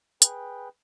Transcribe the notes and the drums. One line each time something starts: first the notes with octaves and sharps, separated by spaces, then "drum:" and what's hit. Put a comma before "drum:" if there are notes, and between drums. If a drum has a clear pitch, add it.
G#4 B4 G5, drum: hi-hat